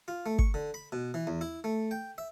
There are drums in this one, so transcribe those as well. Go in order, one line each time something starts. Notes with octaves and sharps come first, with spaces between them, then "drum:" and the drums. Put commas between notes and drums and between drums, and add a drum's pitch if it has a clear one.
F4
A3
C#6, drum: kick G1
D3
B5
B2
E3
E2
E4
A3
G5
E5